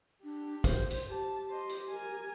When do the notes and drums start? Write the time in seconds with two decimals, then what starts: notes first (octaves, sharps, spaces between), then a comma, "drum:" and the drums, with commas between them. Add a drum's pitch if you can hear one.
0.24 D4 G4
0.64 C5, drum: kick, hi-hat
0.90 drum: hi-hat
1.09 G4 A5
1.50 C5 D#5
1.69 drum: hi-hat
1.90 A#4 G#5